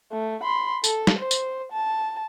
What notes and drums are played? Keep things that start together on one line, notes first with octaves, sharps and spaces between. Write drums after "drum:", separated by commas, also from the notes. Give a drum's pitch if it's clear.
A3
B5 C6
A4, drum: tambourine
drum: snare
C5
drum: tambourine
A5